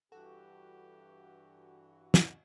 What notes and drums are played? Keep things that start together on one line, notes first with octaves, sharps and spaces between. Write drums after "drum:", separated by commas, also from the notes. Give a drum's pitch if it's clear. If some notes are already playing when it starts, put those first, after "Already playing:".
G2 E3 F#4 G4 A4
drum: snare